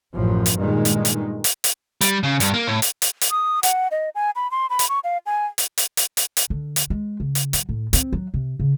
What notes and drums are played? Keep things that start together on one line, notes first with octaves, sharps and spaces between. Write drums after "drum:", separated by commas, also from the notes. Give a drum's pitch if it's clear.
A1 F#2 F3
drum: hi-hat
G2 A#2 D#3 G#3
drum: hi-hat
drum: hi-hat
drum: hi-hat
drum: hi-hat
G3, drum: hi-hat
C#3
G2, drum: hi-hat
A#3
A2
drum: hi-hat
drum: hi-hat
drum: hi-hat
D#6
F#5, drum: hi-hat
D#5
G#5
B5
C6
B5
drum: hi-hat
C#6
F5
G#5
drum: hi-hat
drum: hi-hat
drum: hi-hat
drum: hi-hat
drum: hi-hat
D3
drum: hi-hat
G#3
C#3
drum: hi-hat
F#3, drum: hi-hat
A2
C4, drum: hi-hat
F#3
C3
C#3